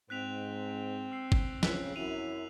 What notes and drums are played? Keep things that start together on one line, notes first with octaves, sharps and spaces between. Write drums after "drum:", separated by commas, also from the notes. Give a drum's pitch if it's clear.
G#2 C4 F#6 B6 F7
E6 C7
drum: kick G#1
C#3 E6 F#6 B6, drum: snare
F#2 E4 D#7 F7